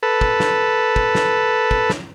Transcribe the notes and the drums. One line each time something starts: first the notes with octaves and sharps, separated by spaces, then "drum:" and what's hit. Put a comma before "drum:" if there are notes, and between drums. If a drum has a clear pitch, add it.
A4 B4
drum: kick
drum: snare
drum: kick
drum: snare
drum: kick
drum: snare